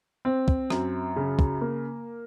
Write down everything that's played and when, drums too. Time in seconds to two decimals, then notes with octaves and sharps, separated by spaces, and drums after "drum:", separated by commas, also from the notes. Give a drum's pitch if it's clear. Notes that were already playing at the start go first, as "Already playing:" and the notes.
0.25 C4
0.48 drum: kick
0.70 F#2, drum: rim click
1.16 C#3
1.39 drum: kick
1.61 A#3